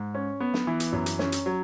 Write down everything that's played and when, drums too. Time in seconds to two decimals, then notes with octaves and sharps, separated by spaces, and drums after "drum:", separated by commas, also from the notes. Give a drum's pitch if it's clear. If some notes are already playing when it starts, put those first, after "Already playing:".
Already playing: G#2
0.15 C#4
0.40 B3
0.54 drum: snare
0.67 E3
0.80 drum: hi-hat
0.93 F#2
1.06 drum: hi-hat
1.19 C#4, drum: snare
1.32 drum: hi-hat
1.46 F#3